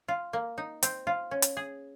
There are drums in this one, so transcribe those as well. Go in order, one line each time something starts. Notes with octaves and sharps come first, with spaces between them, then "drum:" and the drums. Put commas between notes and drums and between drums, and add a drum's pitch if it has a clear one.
F4
A#3
D#4
C4, drum: hi-hat
F4
C#4
drum: hi-hat
G#4